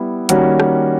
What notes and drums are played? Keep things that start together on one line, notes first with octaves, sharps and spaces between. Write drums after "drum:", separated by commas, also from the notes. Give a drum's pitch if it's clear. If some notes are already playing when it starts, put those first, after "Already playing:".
Already playing: G3 B3 E4
D#3 G3 A#3 C#4 F#4, drum: hi-hat
drum: rim click